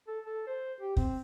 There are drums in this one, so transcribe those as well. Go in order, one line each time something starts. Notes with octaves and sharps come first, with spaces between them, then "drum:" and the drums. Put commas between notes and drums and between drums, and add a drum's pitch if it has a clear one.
A4
A4
C5
G4
C4, drum: kick